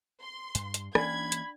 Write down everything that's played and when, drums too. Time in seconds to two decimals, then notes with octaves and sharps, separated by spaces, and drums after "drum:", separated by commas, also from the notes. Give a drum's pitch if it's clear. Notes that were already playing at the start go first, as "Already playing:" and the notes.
0.22 C6
0.55 G2, drum: hi-hat
0.74 drum: hi-hat
0.95 E3 A#3 C#4 D4 D5 G5 B5 G#6, drum: rim click
1.32 drum: hi-hat